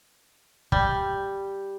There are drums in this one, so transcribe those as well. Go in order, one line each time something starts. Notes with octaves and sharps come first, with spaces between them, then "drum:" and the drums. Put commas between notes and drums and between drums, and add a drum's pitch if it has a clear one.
G3, drum: kick